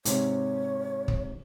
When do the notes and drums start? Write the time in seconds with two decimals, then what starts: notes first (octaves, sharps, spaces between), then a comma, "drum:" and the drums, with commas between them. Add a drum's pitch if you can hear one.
0.05 G#2 C3 C#5, drum: hi-hat
1.08 drum: kick